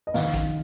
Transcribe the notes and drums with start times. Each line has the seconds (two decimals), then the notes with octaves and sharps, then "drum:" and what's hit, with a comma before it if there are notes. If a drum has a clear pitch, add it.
0.07 D#5
0.14 F1 D#2 D#3 F5, drum: snare
0.34 drum: kick A1, hi-hat